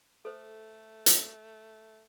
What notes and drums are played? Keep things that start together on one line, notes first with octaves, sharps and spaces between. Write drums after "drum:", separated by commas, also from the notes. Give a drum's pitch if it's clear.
A3 A4 C5
drum: hi-hat